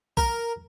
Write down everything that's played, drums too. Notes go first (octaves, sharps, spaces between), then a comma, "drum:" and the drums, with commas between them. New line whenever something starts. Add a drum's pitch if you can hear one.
A#4, drum: kick B1